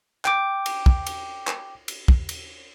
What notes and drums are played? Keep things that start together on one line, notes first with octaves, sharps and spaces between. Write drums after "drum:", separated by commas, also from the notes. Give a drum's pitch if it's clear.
G5 D6, drum: clap
drum: cymbal
drum: kick
drum: cymbal
drum: clap
drum: cymbal
drum: kick
drum: cymbal